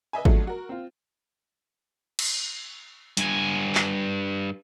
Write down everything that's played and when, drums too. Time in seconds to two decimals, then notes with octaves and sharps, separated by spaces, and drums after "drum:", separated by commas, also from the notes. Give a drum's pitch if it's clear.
0.13 B4 D#5 E5 G#5
0.25 F3 F#3 G#3 A3 D4, drum: kick G#1
0.47 F#4 A#4
0.69 C4 F4
2.19 drum: cymbal
3.17 G2 G#5, drum: hi-hat
3.75 drum: clap